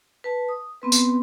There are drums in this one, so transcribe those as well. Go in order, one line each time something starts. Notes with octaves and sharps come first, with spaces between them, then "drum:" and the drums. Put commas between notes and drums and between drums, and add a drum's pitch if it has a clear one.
B4 A5
D#6
B3 C4 B4
drum: tambourine